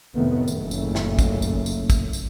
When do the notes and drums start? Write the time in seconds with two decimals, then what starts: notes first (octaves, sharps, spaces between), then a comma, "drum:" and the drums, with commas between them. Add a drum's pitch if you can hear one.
0.15 F1 A2 C3 D#3 A3 B3
0.48 F#1 D#2 A#2 C#3 A3, drum: tambourine
0.71 drum: tambourine
0.95 drum: snare
1.19 drum: kick, tambourine
1.42 drum: tambourine
1.66 drum: tambourine
1.90 drum: kick, tambourine
2.13 drum: tambourine